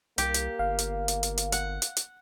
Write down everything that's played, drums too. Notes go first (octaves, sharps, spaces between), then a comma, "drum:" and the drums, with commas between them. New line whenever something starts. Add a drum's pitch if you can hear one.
C2 A#3 G4, drum: hi-hat
drum: hi-hat
G1 F5
drum: hi-hat
drum: hi-hat
drum: hi-hat
drum: hi-hat
F#5, drum: hi-hat
drum: hi-hat
drum: hi-hat